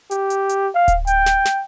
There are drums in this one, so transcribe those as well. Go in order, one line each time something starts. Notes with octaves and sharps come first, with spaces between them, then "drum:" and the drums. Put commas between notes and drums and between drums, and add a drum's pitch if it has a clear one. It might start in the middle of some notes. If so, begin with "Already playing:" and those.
G4, drum: hi-hat
drum: hi-hat
drum: hi-hat
F5
drum: kick D1, hi-hat
G5, drum: hi-hat
drum: snare
drum: snare